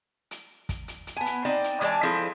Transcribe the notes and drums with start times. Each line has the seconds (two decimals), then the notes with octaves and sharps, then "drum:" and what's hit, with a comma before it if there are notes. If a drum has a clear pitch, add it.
0.31 drum: hi-hat
0.69 drum: kick, hi-hat
0.88 drum: hi-hat
1.07 drum: hi-hat
1.17 B3 G#5
1.26 drum: hi-hat
1.45 C4 D#4 D5
1.64 drum: hi-hat
1.81 E3 G#3 C#5 D5 A5, drum: hi-hat
2.03 F3 C4 E4 G#4 A4